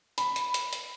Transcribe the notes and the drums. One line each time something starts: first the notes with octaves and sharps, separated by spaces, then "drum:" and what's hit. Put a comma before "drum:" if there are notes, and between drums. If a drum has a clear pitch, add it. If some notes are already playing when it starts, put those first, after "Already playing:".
B5, drum: hi-hat
drum: hi-hat
drum: hi-hat
drum: hi-hat